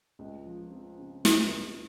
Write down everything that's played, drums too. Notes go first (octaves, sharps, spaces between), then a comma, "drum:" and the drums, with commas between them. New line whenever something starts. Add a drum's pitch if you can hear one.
C#2
F3
C4
C#3
C#2, drum: snare
C#2